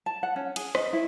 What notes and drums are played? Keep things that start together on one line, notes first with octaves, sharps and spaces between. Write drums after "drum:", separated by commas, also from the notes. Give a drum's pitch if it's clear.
A5
F#5
C#4
G#4, drum: cymbal
D#5, drum: rim click
E4